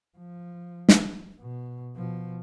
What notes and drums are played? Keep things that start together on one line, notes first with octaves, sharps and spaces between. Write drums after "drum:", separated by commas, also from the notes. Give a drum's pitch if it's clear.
F3
drum: snare
B2
B2 F3